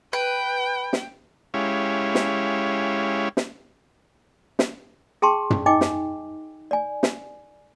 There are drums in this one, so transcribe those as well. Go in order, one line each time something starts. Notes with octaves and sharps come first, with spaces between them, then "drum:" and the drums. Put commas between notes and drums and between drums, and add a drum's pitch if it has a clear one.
B4 G5
drum: snare
G#3 C#4 E4 G4 C#5 F5
drum: snare
drum: snare
drum: snare
G#4 G5 A5 C6 C#6
drum: tom
D#4 D#5 G5 G#5 D6
drum: snare
D5 G#5
drum: snare